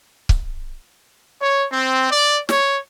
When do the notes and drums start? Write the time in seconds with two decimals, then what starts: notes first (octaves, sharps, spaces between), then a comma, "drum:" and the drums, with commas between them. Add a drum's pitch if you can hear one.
0.29 drum: kick C#1
1.41 C#5
1.72 C4
2.11 D5
2.49 C#5, drum: snare